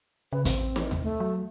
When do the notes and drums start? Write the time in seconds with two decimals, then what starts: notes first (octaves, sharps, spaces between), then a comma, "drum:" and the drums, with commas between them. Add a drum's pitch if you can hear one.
0.33 C#3 B4
0.45 A1 C4, drum: kick, hi-hat
0.76 drum: snare
0.91 drum: tom D#2
1.03 A3
1.20 F#3